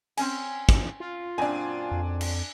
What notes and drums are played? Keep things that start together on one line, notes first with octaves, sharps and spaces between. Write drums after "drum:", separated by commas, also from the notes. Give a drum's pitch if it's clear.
C4 C#4 G#5, drum: cymbal
drum: kick
F4
F#2 A#2 C4 D4 G#5
F2
drum: cymbal